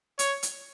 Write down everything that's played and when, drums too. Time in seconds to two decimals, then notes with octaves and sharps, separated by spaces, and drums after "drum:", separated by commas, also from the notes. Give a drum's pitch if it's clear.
0.19 C#5, drum: hi-hat
0.43 drum: hi-hat